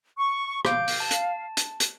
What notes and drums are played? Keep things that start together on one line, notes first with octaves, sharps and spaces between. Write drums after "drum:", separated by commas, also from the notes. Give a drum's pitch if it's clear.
C#6
F5 D6 G6 D7, drum: rim click
drum: open hi-hat
A5
drum: hi-hat
drum: hi-hat
drum: hi-hat